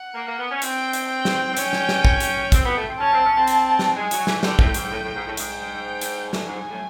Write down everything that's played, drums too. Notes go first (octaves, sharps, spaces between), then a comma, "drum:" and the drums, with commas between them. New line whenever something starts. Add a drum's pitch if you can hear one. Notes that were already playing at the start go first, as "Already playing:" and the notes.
Already playing: F#5
A#3
A#3
B3
C#4
C4 G5, drum: hi-hat
drum: hi-hat
G5
drum: snare
C4
C#4, drum: hi-hat
drum: snare
drum: snare
drum: kick
drum: hi-hat
C4, drum: kick, hi-hat
B3
A3
C4
C#4 A5
C4
C#4
C4
drum: hi-hat
drum: snare
G#3 G#5
F#3, drum: hi-hat
E3, drum: snare
D3 G5, drum: snare
A2, drum: kick
G#2, drum: hi-hat
A2
A2
G#2
A2
G#2 G5, drum: hi-hat
drum: hi-hat
A2 G#5, drum: snare
G#2
A2